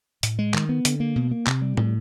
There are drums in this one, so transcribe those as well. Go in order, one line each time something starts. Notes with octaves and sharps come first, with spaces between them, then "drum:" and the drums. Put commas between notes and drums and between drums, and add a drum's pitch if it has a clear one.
A2, drum: hi-hat
G#3
D#3, drum: clap
B3
D3, drum: hi-hat
A#3
B2
A#3
C3, drum: clap
G3
A2, drum: tom